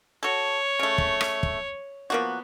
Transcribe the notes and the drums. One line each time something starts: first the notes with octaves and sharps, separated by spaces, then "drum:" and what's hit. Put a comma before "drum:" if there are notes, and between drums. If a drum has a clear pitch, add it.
F#4 A4 C#5
C#3 A3
drum: kick
drum: rim click
drum: kick
F3 A#3 B3 F#4